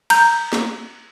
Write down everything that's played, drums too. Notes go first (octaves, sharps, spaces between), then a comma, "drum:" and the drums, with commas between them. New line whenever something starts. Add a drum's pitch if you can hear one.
A#5 G6, drum: cymbal
drum: snare